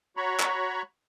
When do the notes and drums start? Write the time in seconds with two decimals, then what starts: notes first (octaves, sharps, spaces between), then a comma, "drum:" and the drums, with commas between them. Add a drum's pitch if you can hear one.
0.17 F#4 C#5 A#5 B5 C#6
0.40 drum: clap